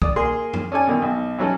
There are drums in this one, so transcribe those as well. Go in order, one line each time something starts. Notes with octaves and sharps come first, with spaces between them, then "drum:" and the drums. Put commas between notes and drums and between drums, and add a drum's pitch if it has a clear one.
D5 D#6, drum: kick
A#3 G#4 C6
drum: tom F#2
C#4 A4 D5 G#5
B2 D#3 E3
B1
E3 F#3 C#4 A4